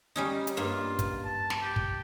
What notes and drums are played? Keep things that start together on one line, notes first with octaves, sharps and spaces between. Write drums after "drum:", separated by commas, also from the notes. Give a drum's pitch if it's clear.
G3 C#4 D#4
drum: hi-hat
G2 A#3 F4
drum: kick, hi-hat
A5
drum: snare
G4
drum: kick